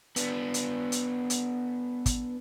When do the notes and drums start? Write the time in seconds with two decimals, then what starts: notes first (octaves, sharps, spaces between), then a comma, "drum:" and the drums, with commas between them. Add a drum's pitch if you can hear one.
0.16 B3 D4, drum: hi-hat
0.54 drum: hi-hat
0.92 drum: hi-hat
1.30 drum: hi-hat
2.06 drum: kick, hi-hat